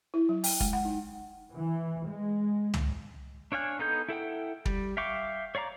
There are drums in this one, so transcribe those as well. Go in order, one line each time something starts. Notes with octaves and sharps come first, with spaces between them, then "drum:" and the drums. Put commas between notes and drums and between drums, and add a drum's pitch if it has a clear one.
E4
F#3
G5, drum: open hi-hat
G#3, drum: kick
F#5
D#4
E3
G#3
drum: tom
D4 C#5 F5 G#5 F#6
B3 D#4 A4 G6
E4 A4 F#5 G5
G3, drum: kick
E5 F5 G5 C#6 D6
C#5 D5 F5 A#5 D6